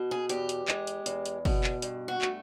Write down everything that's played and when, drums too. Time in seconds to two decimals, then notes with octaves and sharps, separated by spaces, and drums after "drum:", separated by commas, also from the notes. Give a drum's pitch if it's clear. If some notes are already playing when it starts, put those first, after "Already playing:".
Already playing: B2
0.11 G#4
0.29 E2 G4, drum: hi-hat
0.49 drum: hi-hat
0.68 G#3, drum: clap
0.87 drum: hi-hat
1.06 E2, drum: hi-hat
1.26 drum: hi-hat
1.45 B2, drum: kick, open hi-hat
1.64 drum: clap
1.82 G2, drum: hi-hat
2.08 F#4
2.22 A3, drum: clap